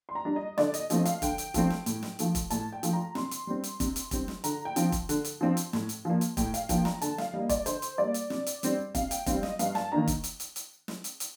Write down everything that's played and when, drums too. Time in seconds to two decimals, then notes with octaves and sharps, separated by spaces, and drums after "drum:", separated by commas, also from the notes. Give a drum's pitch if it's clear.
0.09 C6
0.15 A#5
0.25 G3 D4
0.36 D#5
0.58 D3 D5, drum: snare
0.74 D#5, drum: hi-hat
0.90 F3 A3 C4 D#5, drum: hi-hat
1.05 F5, drum: hi-hat
1.22 D3 G5, drum: kick F1, hi-hat
1.38 drum: hi-hat
1.54 F3 A3 C4, drum: kick F1, hi-hat
1.70 drum: snare
1.86 A2, drum: hi-hat
2.03 drum: snare
2.19 F3 A3, drum: hi-hat
2.35 drum: kick F1, hi-hat
2.50 A2 A5, drum: hi-hat
2.73 G5
2.83 F3 A3, drum: hi-hat
2.93 A#5
3.15 C3 C6, drum: snare
3.31 drum: hi-hat
3.47 G3 C4
3.64 drum: hi-hat
3.80 C3, drum: kick F1, hi-hat
3.96 drum: hi-hat
4.11 G3 C4, drum: kick F1, hi-hat
4.28 drum: snare
4.44 D3 A#5, drum: hi-hat
4.65 G5
4.76 F3 C4, drum: hi-hat
4.92 drum: kick F1, hi-hat
5.09 D3, drum: hi-hat
5.25 drum: hi-hat
5.41 F3 C4
5.57 drum: hi-hat
5.73 A2, drum: snare
5.89 drum: hi-hat
6.05 F3 A#3
6.21 drum: hi-hat
6.37 A2 G5, drum: kick F1, hi-hat
6.54 F5, drum: hi-hat
6.69 F3 A#3 G5, drum: kick F1, hi-hat
6.85 A#5, drum: snare
7.02 D3 A5, drum: hi-hat
7.18 F5, drum: snare
7.33 G3 A#3 D#5
7.49 D5, drum: kick F1, hi-hat
7.66 D3 C5, drum: hi-hat
7.82 drum: hi-hat
7.98 G3 A#3 D5
8.14 drum: hi-hat
8.30 C3, drum: snare
8.46 drum: hi-hat
8.63 G3 C4, drum: hi-hat
8.95 C3 F5, drum: kick F1, hi-hat
9.11 G5, drum: hi-hat
9.26 G3 C4 F5, drum: kick F1, hi-hat
9.43 D#5, drum: snare
9.59 G2 F5, drum: hi-hat
9.75 A5, drum: snare
9.92 D#3 A#3 D4 A#5
10.07 drum: kick F1, hi-hat
10.24 drum: hi-hat
10.40 drum: hi-hat
10.56 drum: hi-hat
10.88 drum: snare
11.04 drum: hi-hat
11.20 drum: hi-hat